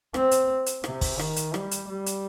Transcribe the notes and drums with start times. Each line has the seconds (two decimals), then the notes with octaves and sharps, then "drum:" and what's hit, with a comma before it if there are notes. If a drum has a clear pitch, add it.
0.14 C4, drum: rim click
0.31 drum: hi-hat
0.66 drum: hi-hat
0.84 C3, drum: rim click
1.01 drum: kick, open hi-hat
1.19 D#3, drum: rim click
1.36 drum: hi-hat
1.54 G3, drum: rim click
1.71 drum: hi-hat
1.89 G3
2.06 drum: hi-hat